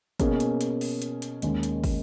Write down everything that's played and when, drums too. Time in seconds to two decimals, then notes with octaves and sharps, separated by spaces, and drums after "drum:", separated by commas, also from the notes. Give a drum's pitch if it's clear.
0.20 B2 A#3 C#4 G#4, drum: kick, hi-hat
0.40 drum: hi-hat
0.61 drum: hi-hat
0.81 drum: open hi-hat
1.02 drum: hi-hat
1.22 drum: hi-hat
1.42 D#2 D#3 G#3 C#4, drum: hi-hat
1.63 drum: hi-hat
1.84 drum: kick, open hi-hat